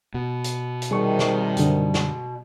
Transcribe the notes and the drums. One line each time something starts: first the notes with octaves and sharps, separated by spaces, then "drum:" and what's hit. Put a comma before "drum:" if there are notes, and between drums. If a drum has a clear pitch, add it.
B2
drum: hi-hat
drum: hi-hat
C3 D#3 G3 G#4 C#6
drum: snare
F#2 D3, drum: hi-hat
drum: snare